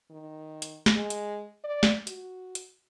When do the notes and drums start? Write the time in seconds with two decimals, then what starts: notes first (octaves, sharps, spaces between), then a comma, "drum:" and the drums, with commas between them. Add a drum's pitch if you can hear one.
0.11 D#3
0.62 drum: hi-hat
0.86 drum: snare
0.95 G#3
1.10 drum: hi-hat
1.64 D5
1.83 drum: snare
2.07 F#4, drum: hi-hat
2.55 drum: hi-hat